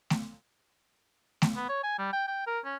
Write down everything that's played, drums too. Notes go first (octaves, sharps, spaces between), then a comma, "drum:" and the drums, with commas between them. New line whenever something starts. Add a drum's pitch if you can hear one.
drum: snare A3
drum: snare A3
B3
C#5
G#5
G3
G5
G5
A#4
C#4